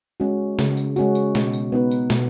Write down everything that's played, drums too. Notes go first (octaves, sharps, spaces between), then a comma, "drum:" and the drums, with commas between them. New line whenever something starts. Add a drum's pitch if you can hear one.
G#3 C#4 F#4
C#3, drum: snare
drum: tambourine
G#3 C#4 F#4, drum: tambourine
drum: tambourine
B2, drum: snare
drum: tambourine
B3 D#4 B4
drum: tambourine
B2, drum: snare